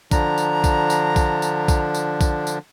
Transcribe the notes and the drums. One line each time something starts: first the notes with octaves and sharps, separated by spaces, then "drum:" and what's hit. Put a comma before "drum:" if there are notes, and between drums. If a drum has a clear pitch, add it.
D3 F3 D4 A#5, drum: kick A#1, tambourine
drum: tambourine
drum: kick A#1, tambourine
drum: tambourine
drum: kick A#1, tambourine
drum: tambourine
drum: kick A#1, tambourine
drum: tambourine
drum: kick A#1, tambourine
drum: tambourine